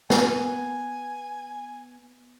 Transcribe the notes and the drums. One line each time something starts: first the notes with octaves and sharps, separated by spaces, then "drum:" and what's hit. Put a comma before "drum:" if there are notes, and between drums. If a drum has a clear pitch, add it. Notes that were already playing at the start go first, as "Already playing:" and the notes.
B3 G#5, drum: snare